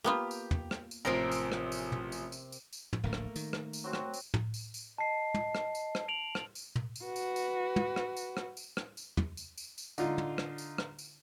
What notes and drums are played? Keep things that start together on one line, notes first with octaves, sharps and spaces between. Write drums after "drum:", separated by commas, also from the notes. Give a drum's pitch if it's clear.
A#3 B3 F4 G4
drum: tambourine
drum: tom
drum: rim click
drum: tambourine
A1 C3 F3 C4 A#4
drum: tambourine
drum: rim click
drum: tambourine
drum: tom
drum: tambourine
drum: tambourine
drum: tambourine
drum: tambourine
drum: tom
D1 A#1 D3 A3 A#3 A#4
drum: rim click
D#3, drum: tambourine
drum: rim click
drum: tambourine
F#3 C4 F#4
drum: rim click
drum: tambourine
drum: tom
drum: tambourine
drum: tambourine
D#5 A5 C7
drum: tom
drum: rim click
drum: tambourine
drum: rim click
D7 F7 F#7
drum: rim click
drum: tambourine
drum: tom
drum: tambourine
F#4 B4
drum: tambourine
drum: tambourine
drum: tom
drum: rim click
drum: tambourine
drum: rim click
drum: tambourine
drum: rim click
drum: tambourine
drum: tom
drum: tambourine
drum: tambourine
drum: tambourine
D3 D#4 F4, drum: tambourine
drum: tom
drum: rim click
drum: tambourine
drum: rim click
drum: tambourine